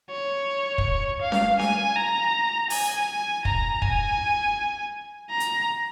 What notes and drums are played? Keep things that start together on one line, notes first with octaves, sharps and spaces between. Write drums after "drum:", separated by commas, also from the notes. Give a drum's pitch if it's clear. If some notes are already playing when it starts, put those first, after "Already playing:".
C#5
drum: kick
F5
drum: snare C#4
G#5, drum: snare C#4
A#5
G#5, drum: open hi-hat
A#5, drum: kick
G#5, drum: kick
A#5
drum: hi-hat